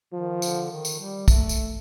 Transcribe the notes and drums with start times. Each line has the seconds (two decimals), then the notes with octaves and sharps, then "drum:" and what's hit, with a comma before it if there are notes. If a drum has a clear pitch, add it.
0.13 D#3 F3
0.42 D3, drum: tambourine
0.71 D#3
0.85 drum: tambourine
0.99 G3
1.28 A3, drum: kick, tambourine
1.49 drum: tambourine